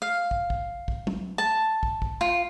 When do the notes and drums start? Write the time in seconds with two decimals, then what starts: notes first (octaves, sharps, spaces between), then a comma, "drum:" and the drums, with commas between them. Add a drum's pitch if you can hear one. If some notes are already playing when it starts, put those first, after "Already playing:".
0.02 F5
0.31 drum: kick
0.50 drum: kick
0.88 drum: kick
1.07 drum: tom F#3
1.38 A5
1.83 drum: kick
2.02 drum: kick
2.21 F4